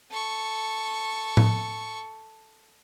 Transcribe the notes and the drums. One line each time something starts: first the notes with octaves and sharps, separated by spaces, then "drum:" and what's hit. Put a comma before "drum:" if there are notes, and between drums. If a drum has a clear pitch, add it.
A4 C#6
drum: tom A2